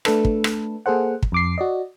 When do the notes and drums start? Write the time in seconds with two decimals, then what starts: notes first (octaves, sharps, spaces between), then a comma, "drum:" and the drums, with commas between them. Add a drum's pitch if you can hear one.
0.05 A3 D4 A4 B4, drum: rim click
0.25 drum: kick
0.44 drum: rim click
0.86 A#3 G#4 A4 C5 F#5
1.23 drum: kick
1.32 F2 D6 C7
1.58 F#4 D5 D#5